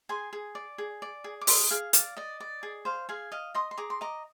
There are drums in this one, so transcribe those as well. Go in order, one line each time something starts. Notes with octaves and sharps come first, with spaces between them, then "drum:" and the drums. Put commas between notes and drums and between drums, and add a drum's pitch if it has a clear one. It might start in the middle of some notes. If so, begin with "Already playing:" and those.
G#4 G#5 C6
G#4
D5
G#4
D5
G#4
D6
G#4 C6 D#6, drum: open hi-hat
G#4 F5
D5 F5, drum: hi-hat
D5 D#5
D5
G#4
C5 F5
G#4 F5 G#5
D#5 F5
D#5 C6 D#6
C6
G#4 A#5 D6
C6
D#5 A#5 D6